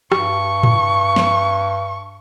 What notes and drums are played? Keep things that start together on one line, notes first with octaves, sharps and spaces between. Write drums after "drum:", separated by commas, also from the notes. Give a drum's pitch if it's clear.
G2 C#6, drum: rim click
drum: tom A2
drum: snare